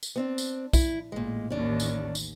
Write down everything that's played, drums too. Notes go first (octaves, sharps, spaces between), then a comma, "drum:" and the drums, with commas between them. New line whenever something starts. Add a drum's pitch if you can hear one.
drum: tambourine
B3 C4 D4
drum: tambourine
E4, drum: kick, tambourine
A1 A#2 G#3
A1 D#2 C#4 D4
drum: tambourine
drum: tambourine